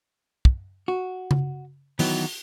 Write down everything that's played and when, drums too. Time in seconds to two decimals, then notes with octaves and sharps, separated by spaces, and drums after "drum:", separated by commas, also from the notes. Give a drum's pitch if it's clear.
0.45 drum: kick
0.88 F#4
1.31 drum: tom C#3
1.99 D#3 E3 F#3 B3, drum: open hi-hat